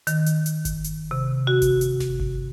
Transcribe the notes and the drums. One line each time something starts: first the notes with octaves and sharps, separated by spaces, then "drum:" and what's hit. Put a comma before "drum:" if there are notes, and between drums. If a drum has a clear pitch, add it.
D#3, drum: hi-hat
drum: hi-hat
drum: hi-hat
drum: kick G1, hi-hat
drum: hi-hat
C3
F#4
drum: kick G1, hi-hat
drum: hi-hat
drum: snare F#1
drum: kick G1